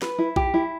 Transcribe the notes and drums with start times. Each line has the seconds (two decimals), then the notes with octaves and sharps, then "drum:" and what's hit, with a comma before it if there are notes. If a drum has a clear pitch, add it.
0.02 B4, drum: snare
0.19 E4
0.36 G4, drum: kick A#1
0.54 E4